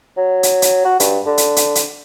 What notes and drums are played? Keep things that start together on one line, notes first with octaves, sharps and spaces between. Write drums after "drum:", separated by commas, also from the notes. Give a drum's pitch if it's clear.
F#3
drum: hi-hat
drum: hi-hat
F#4
G2, drum: hi-hat
D3
drum: hi-hat
drum: hi-hat
drum: hi-hat